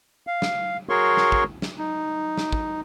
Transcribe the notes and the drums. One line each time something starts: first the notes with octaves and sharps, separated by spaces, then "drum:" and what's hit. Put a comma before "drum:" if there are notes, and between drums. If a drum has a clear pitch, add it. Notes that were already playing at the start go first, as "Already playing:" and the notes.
F5
drum: snare
F#4 G#4 A#4 C#5 C6 C#6
drum: snare
drum: kick
drum: snare
D#4
drum: snare
drum: kick